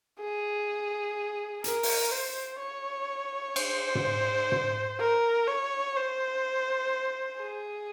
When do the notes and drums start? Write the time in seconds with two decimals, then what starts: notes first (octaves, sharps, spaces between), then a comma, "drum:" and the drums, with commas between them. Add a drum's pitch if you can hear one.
0.20 G#4
1.64 A#4, drum: hi-hat
1.83 drum: open hi-hat
2.12 C5
2.60 C#5
3.56 C5, drum: cymbal
3.95 drum: tom
4.52 drum: tom
4.99 A#4
5.47 C#5
5.96 C5
7.39 G#4